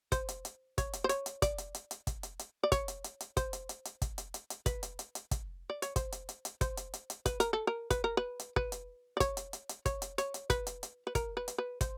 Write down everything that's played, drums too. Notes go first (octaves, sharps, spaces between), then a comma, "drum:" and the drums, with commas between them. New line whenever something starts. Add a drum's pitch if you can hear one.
C5, drum: kick, hi-hat
drum: hi-hat
drum: hi-hat
C#5, drum: kick, hi-hat
drum: hi-hat
C5
C#5, drum: hi-hat
drum: hi-hat
D5, drum: kick, hi-hat
drum: hi-hat
drum: hi-hat
drum: hi-hat
drum: kick, hi-hat
drum: hi-hat
drum: hi-hat
D5
C#5, drum: kick, hi-hat
drum: hi-hat
drum: hi-hat
drum: hi-hat
C5, drum: kick, hi-hat
drum: hi-hat
drum: hi-hat
drum: hi-hat
drum: kick, hi-hat
drum: hi-hat
drum: hi-hat
drum: hi-hat
B4, drum: kick, hi-hat
drum: hi-hat
drum: hi-hat
drum: hi-hat
drum: kick, hi-hat
D5
C#5, drum: hi-hat
C5, drum: kick, hi-hat
drum: hi-hat
drum: hi-hat
drum: hi-hat
C5, drum: kick, hi-hat
drum: hi-hat
drum: hi-hat
drum: hi-hat
B4, drum: kick, hi-hat
A#4, drum: hi-hat
A4
A#4
B4, drum: kick, hi-hat
A#4
B4
drum: hi-hat
B4, drum: kick
drum: hi-hat
D5
C#5, drum: kick, hi-hat
drum: hi-hat
drum: hi-hat
drum: hi-hat
C#5, drum: kick, hi-hat
drum: hi-hat
C#5, drum: hi-hat
drum: hi-hat
B4, drum: kick, hi-hat
drum: hi-hat
drum: hi-hat
B4
A#4, drum: kick, hi-hat
B4
drum: hi-hat
B4
C5, drum: kick, hi-hat